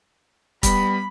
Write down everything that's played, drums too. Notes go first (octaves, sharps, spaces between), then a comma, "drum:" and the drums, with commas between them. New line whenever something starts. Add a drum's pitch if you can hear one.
G3 B3 B5, drum: kick, hi-hat